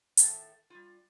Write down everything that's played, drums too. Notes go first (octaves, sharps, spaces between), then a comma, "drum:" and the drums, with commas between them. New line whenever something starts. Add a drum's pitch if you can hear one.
A2 D#3 A3 A4 F#5 A5, drum: hi-hat
G3 F4